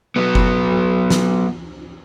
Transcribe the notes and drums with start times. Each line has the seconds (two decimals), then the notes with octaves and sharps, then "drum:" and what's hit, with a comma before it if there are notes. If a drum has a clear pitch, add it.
0.16 F#3 B3
0.35 drum: kick F#1
1.10 drum: snare